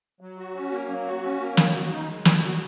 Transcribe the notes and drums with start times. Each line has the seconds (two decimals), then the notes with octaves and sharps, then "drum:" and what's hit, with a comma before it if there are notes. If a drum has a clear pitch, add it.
0.21 F#3
0.38 F#4
0.55 C#4
0.72 A#3
0.88 F#3
1.06 F#4
1.24 C#4
1.40 A#3
1.57 D#3, drum: snare
1.74 F#4
1.91 D#4
2.08 G#3
2.25 D#3, drum: snare
2.42 F#4